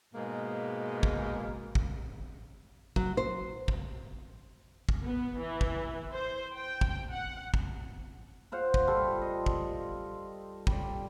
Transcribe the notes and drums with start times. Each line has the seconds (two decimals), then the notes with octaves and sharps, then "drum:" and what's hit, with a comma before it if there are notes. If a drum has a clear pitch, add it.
0.14 G#2 B2 G#3 A#3
1.03 drum: kick
1.75 drum: kick
2.96 F#3, drum: kick
3.17 C5
3.68 drum: kick
4.89 drum: kick
5.02 B3
5.41 E3
5.61 drum: kick
6.15 C5
6.59 G5
6.81 drum: kick
7.12 F#5
7.54 drum: kick
8.52 F4 C5 F5 F#5
8.74 drum: kick
8.87 G3 F4 A4
9.21 D#5
9.46 drum: kick
10.67 G3 D5, drum: kick